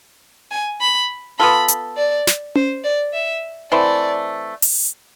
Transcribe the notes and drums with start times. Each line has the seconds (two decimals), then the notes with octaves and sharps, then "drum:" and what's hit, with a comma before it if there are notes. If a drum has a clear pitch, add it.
0.51 G#5
0.81 B5
1.39 B3 F4 A4 B5
1.68 drum: hi-hat
1.97 D5
2.27 drum: snare
2.55 C5, drum: tom C#4
2.84 D5
3.13 E5
3.72 E3 A3 C4 D5
4.62 drum: open hi-hat